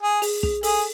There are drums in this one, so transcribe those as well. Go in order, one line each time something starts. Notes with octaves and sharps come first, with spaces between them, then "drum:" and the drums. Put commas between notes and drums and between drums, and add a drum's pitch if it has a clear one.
G#4
G#4, drum: open hi-hat
G#4, drum: kick
G#4 A4, drum: open hi-hat